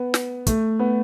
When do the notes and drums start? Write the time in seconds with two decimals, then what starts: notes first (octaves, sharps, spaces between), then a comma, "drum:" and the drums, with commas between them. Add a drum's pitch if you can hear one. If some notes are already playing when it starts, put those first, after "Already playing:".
Already playing: B3
0.14 drum: snare
0.47 A3, drum: kick, hi-hat
0.79 B3